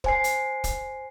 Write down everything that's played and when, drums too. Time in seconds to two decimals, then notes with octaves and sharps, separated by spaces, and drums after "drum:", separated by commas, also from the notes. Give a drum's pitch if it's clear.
0.04 C5 G#5 C7, drum: kick
0.24 drum: hi-hat
0.64 drum: kick, hi-hat